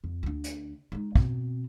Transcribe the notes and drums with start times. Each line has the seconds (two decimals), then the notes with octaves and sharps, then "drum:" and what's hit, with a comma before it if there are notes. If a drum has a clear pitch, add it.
0.04 F2
0.23 D2 D4
0.44 drum: hi-hat
0.92 G#3 D#4
1.15 B2 C4, drum: kick